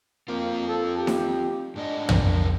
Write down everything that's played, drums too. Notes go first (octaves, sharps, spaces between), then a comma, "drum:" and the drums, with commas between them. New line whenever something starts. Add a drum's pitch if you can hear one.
A#3 C4 F4
A4
G4
drum: snare D#4
G#2 A3 D4 D#5
E2 F3 A#4, drum: tom